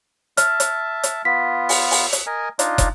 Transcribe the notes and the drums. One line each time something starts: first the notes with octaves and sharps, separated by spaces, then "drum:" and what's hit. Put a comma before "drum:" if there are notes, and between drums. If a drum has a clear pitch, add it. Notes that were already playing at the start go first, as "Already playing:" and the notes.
E5 A5 F6, drum: hi-hat
drum: hi-hat
drum: hi-hat
B3 F4 B6
drum: open hi-hat
drum: open hi-hat
drum: hi-hat
A#4 D#5 G#5
D4 D#4 F4, drum: hi-hat
drum: kick, hi-hat